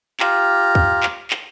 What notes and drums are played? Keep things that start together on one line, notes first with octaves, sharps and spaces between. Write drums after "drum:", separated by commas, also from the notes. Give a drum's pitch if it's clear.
F4 G4 A#5, drum: clap
drum: kick
drum: clap
drum: clap